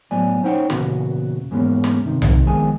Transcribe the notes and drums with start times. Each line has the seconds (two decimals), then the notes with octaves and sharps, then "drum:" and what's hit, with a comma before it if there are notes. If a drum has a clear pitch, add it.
0.11 A2 F#3 B3 D5 G#5
0.43 C#4 D#4 C5 C#5 F#5 G5
0.70 E2 A#2 C#3 F#4 B4, drum: snare
1.51 E2 G#2 G#3 A#3 B3 C#4
1.84 drum: snare
2.05 G2 C3 D#3
2.22 drum: tom B1
2.46 F2 D#3 G#3 B3 G#4 G#5